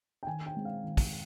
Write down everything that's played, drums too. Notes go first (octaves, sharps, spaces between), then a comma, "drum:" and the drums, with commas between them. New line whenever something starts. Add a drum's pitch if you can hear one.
G5
D#3 G#5
G5
G#3 C4
F5
D#3
drum: kick, open hi-hat